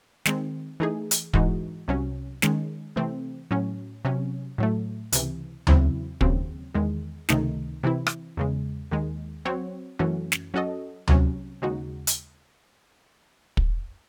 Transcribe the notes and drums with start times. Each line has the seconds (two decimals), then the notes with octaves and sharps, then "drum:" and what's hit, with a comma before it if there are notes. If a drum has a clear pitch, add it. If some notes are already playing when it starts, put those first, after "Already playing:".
0.26 D#3 G#3 C4, drum: snare
0.80 E3 A3 D#4 G#4
1.11 drum: hi-hat
1.33 G#2 E3 G#3 D#4 F#4, drum: kick
1.88 C2 C3 F#3 C#4
2.42 D#3 G#3 C#4, drum: snare
2.96 C3 E3 A3 C4
3.51 A2 F#3 C#4
4.05 C3 F#3 C#4
4.58 A2 F#3 A3
5.12 C#2 C3 E3, drum: hi-hat
5.67 E2 C#3 F#3 C4 E4, drum: tom D2
6.21 D#2 C#3 F#3 C4, drum: kick
6.74 E2 D#3 G#3
7.29 C#2 C3 D#3 A3 D#4, drum: snare
7.83 C3 E3 C4 E4
8.07 drum: rim click
8.37 E2 C#3 G#3
8.91 D#2 D#3 G#3
9.45 F#3 C4 F#4 C#5
9.99 F#2 E3 A3 C#4 F#4
10.32 drum: snare
10.54 F#3 C#4 F#4 A4 D#5
11.08 C2 C3 F#3 C#4, drum: tom D2
11.62 D#2 C#3 G#3 D#4 F#4
12.07 drum: hi-hat
13.57 drum: kick